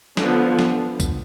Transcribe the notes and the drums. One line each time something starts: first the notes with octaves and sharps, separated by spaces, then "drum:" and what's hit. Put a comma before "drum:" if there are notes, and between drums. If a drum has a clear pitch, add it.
D3 F3 B3, drum: snare
drum: snare
drum: kick, tambourine